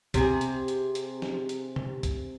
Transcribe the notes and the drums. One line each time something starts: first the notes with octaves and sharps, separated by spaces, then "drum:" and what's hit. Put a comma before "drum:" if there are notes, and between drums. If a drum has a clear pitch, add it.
C3 G#4, drum: kick, hi-hat
drum: hi-hat
drum: hi-hat
drum: hi-hat
drum: snare
drum: hi-hat
drum: tom C3
drum: kick, hi-hat